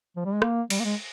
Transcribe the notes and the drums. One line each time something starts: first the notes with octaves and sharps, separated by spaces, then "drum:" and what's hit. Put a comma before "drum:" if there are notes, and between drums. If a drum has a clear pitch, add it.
F3
G3
G#3
A#3, drum: rim click
G3, drum: cymbal
A#3
G#3